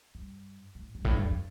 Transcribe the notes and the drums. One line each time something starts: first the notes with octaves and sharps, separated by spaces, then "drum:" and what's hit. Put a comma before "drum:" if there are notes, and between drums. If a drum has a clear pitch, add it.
G2
A2
G2
A2, drum: kick G#1
G2
F2